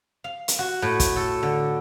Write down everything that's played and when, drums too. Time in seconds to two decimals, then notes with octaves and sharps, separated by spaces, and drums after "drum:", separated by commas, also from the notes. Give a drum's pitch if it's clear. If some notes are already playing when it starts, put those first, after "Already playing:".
0.24 F5
0.48 drum: hi-hat
0.59 F#4
0.82 A2
1.00 drum: kick, hi-hat
1.16 A4
1.43 D3